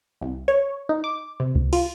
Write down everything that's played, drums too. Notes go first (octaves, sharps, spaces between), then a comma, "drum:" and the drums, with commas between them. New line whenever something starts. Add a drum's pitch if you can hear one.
C2
C#5
D#4
D6
C3
drum: kick C#2
F4, drum: cymbal